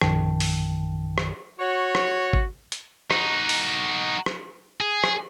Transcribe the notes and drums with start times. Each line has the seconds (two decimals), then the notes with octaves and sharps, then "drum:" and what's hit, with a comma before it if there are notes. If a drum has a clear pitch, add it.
0.01 A#1 F#2 D#3 G5 A5, drum: rim click
0.40 drum: open hi-hat
1.18 drum: rim click
1.59 F#4 C#5
1.95 drum: rim click
2.33 drum: kick G#1
2.72 drum: hi-hat
3.11 D#4 F#4, drum: rim click
3.49 drum: open hi-hat
4.26 drum: rim click
4.80 G#4
5.04 drum: rim click